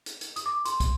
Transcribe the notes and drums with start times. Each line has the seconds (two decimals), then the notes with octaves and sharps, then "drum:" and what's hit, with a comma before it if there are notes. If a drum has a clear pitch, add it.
0.06 drum: hi-hat
0.21 drum: hi-hat
0.36 D#6, drum: hi-hat
0.46 D6
0.65 C6, drum: hi-hat
0.80 drum: kick, hi-hat